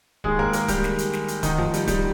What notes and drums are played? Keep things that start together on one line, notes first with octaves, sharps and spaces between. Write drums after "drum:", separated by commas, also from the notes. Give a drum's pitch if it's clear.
D#2 D#3 G#3 G#4, drum: kick D1
A#3 A#4, drum: tom F2
A#3 A#4, drum: hi-hat
G3 G4, drum: kick D1, hi-hat
D#2 D#3, drum: snare
drum: hi-hat
drum: snare
drum: hi-hat
D2 C3 D#3 D#4, drum: kick D1, hi-hat
F3, drum: tom F2
G3, drum: hi-hat
G3, drum: kick D1, hi-hat